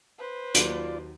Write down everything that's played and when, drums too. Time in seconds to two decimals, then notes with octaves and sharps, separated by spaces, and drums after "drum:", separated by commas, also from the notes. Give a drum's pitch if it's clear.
0.19 B4 C5
0.55 D#2 F#3 F4 D5, drum: hi-hat